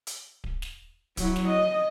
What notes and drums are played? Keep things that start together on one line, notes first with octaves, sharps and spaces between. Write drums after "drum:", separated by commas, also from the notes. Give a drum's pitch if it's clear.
drum: hi-hat
drum: kick D1
drum: snare
F#3 E4, drum: kick D1, hi-hat
drum: snare
D#5